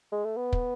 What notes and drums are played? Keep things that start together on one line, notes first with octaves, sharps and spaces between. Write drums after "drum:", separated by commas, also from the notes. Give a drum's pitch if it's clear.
G#3
A3
B3
drum: kick